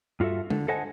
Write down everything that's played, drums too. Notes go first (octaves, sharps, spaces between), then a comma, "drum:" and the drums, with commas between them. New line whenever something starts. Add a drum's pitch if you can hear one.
G2 F4 F#4 A4 E5
D3, drum: tom G#3
A4 C5 D#5 F#5 G#5 A5